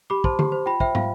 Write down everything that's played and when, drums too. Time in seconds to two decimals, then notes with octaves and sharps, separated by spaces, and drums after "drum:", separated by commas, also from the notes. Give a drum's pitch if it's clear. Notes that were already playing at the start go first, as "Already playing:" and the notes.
0.10 G4 B5 D6
0.24 C5 A5 C6, drum: kick
0.39 G4, drum: tom D3
0.52 C5
0.66 F4 G5 B5
0.80 C5 E5 G5, drum: kick
0.95 F4 F5, drum: tom